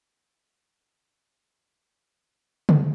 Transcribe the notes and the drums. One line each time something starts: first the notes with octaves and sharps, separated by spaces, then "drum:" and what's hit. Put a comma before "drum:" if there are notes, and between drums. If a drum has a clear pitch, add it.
D4 F#4 E5 G5
F#3 G3 D#4
D#6 F6
drum: tom C#3